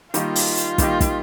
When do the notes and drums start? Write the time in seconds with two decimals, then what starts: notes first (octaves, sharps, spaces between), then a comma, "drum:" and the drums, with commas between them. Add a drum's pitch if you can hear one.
0.14 D#3 G3 A#3 D#4 F4 G4, drum: hi-hat
0.36 drum: open hi-hat
0.57 drum: hi-hat
0.78 D#3 G3 A#3 D#4 G4, drum: kick, hi-hat
1.01 drum: kick, hi-hat